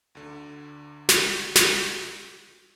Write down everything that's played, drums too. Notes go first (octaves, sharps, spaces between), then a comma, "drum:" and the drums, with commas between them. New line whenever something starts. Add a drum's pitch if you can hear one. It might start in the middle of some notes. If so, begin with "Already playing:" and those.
D2 D3
drum: snare
drum: snare